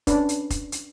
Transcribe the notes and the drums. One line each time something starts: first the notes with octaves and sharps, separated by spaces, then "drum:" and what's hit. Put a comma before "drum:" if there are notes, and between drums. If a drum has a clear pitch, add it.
C#4 D4 B4, drum: kick F1, hi-hat
drum: hi-hat
drum: kick F1, hi-hat
drum: hi-hat